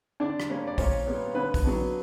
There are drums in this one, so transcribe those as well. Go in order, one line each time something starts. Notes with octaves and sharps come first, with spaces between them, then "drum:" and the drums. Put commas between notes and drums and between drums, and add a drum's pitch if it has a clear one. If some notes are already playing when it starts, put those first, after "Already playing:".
D3 D4 D5
drum: rim click
G3 A#3 C#4
D5
A#2 C#4 C#5, drum: kick A#1, open hi-hat
G3 B3
D3 B3 B4
drum: kick A#1, open hi-hat
F#3 B3 D4